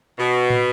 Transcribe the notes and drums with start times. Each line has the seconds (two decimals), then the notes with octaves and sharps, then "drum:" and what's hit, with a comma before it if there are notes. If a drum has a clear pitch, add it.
0.19 B2
0.50 drum: tom